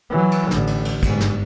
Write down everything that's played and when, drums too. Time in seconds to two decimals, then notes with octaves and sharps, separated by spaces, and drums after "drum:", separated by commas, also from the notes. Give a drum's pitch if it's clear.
0.10 E3 F#3
0.31 drum: cymbal
0.51 A1 D3, drum: snare
0.67 drum: cymbal
0.85 drum: cymbal
1.03 G1 G#2, drum: kick, cymbal
1.21 drum: snare